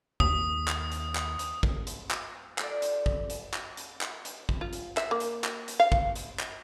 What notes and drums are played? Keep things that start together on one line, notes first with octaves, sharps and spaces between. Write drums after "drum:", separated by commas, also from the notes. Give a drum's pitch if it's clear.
D#2 D#6, drum: kick
drum: clap
drum: hi-hat
drum: clap
drum: hi-hat
drum: kick
drum: hi-hat
drum: clap
F4 A4 D5, drum: clap
drum: hi-hat
drum: kick
drum: hi-hat
drum: clap
drum: hi-hat
drum: clap
drum: hi-hat
drum: kick
F4
drum: hi-hat
E5, drum: clap
A#3
drum: hi-hat
drum: clap
drum: hi-hat
F5
drum: kick
drum: hi-hat
drum: clap